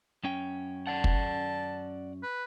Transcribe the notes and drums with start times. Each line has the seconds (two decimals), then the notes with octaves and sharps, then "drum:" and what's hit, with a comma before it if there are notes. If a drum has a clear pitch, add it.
0.24 F#2 C#4 G5
0.87 D5 F#5 A5
1.04 drum: kick
2.23 B4